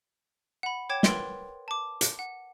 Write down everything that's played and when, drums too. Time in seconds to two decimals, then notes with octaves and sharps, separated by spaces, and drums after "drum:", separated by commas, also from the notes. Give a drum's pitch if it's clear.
0.63 F#5 B5
0.90 C#5 G5 D6 G#6 E7
1.03 A#4 B4 C6 A6 D7, drum: snare
1.68 A5 D6
2.01 drum: hi-hat
2.19 F#5